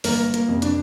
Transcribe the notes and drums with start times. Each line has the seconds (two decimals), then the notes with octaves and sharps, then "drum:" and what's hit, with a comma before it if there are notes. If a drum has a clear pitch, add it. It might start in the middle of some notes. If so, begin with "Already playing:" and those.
0.04 G1 A#3 A#4, drum: open hi-hat
0.34 A#3 A#4, drum: hi-hat
0.48 F2 C3
0.62 D4 D5, drum: hi-hat